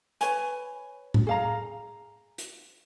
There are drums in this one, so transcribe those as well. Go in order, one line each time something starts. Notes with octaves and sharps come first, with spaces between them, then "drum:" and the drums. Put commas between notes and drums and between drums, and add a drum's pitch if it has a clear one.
B4 C#5 G#5, drum: hi-hat
drum: tom A2
G#4 F5 A#5
drum: hi-hat